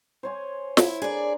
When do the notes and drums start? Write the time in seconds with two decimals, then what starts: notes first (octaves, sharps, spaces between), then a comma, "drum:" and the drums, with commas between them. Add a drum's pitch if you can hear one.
0.23 C5 C#5 G#5
0.77 E4, drum: snare
1.02 D4 G#4 A#4 D5